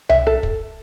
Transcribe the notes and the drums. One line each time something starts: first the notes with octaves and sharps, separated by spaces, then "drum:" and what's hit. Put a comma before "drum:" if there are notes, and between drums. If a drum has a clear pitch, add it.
E5, drum: tom C2
A4
drum: kick